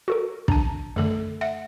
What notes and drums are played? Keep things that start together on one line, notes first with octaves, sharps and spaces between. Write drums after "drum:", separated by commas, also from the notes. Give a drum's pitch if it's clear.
F#4 A4 A#4
D4 A5 A#5, drum: kick
F#2 D3 A3 A4
E5 F#5